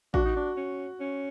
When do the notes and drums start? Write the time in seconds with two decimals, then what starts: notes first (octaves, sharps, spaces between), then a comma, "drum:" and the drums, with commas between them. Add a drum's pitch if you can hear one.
0.14 D4 F#4, drum: kick A1
0.25 D#4
0.36 D4
0.57 C#4
1.00 C#4